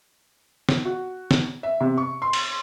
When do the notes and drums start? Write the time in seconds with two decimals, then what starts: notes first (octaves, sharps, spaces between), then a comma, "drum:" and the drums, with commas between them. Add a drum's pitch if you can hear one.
0.69 drum: snare
0.85 F#4
1.31 drum: snare
1.63 E5
1.81 C3
1.98 C#6
2.22 C6
2.33 drum: cymbal